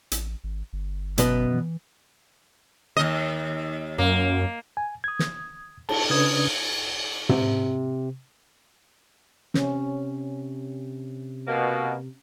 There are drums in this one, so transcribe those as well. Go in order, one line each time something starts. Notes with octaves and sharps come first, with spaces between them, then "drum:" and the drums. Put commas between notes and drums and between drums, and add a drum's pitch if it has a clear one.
A1, drum: hi-hat
G#1
G1
F#2 B2 B3, drum: hi-hat
E3
D#2 D#5
F#2 A#3
G#5
D#6 G#6
drum: snare
A5, drum: cymbal
C#3 C#4 D4 B4 D#6 G#6
C3, drum: tom
C3 C#4, drum: snare
B2 A#3